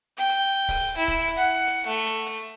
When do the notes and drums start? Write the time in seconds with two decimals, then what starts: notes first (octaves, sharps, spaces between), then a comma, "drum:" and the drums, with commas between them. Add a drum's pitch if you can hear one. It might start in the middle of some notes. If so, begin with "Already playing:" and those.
0.17 G5
0.29 drum: hi-hat
0.69 drum: kick C#1, open hi-hat
0.98 E4
1.08 drum: kick C#1, hi-hat
1.28 drum: hi-hat
1.37 F#5
1.67 drum: hi-hat
1.87 A3
2.07 drum: hi-hat
2.26 drum: hi-hat